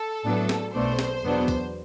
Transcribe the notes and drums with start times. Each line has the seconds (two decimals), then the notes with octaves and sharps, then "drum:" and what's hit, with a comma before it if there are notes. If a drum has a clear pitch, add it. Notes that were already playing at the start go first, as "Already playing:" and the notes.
Already playing: A4
0.24 A2 F#3 B3 D4
0.49 drum: snare
0.74 B1 B2 A3 D4 C5
0.99 drum: snare
1.23 E2 B2 F#3 B3 D4
1.48 drum: kick, tambourine